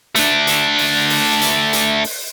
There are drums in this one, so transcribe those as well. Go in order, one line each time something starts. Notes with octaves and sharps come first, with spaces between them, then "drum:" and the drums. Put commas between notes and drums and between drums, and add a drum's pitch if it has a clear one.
A3 D4, drum: hi-hat
drum: hi-hat
drum: open hi-hat
drum: open hi-hat
drum: hi-hat
drum: hi-hat
drum: open hi-hat